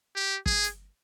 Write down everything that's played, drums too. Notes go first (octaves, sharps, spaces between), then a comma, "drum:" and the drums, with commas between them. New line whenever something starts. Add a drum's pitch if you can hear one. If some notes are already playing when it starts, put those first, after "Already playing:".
G4
G#4, drum: kick
drum: hi-hat